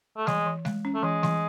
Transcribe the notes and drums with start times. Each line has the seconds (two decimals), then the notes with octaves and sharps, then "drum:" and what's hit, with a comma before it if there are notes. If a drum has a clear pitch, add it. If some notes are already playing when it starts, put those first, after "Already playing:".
0.17 A3
0.27 E3 G#3, drum: snare G3
0.46 E3
0.65 G#3, drum: snare G3
0.85 C#4
0.95 A3
1.03 E3 G#3
1.23 E3, drum: snare G3